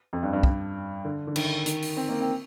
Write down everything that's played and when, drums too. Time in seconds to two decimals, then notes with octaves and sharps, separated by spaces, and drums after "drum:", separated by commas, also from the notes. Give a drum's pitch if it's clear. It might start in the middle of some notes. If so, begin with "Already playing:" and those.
0.13 F2
0.23 G2
0.33 G2
0.43 G2, drum: kick
1.05 D3
1.27 D3
1.36 D#3, drum: cymbal
1.66 D#3, drum: hi-hat
1.82 drum: open hi-hat
1.97 C4
2.09 A#3
2.21 C4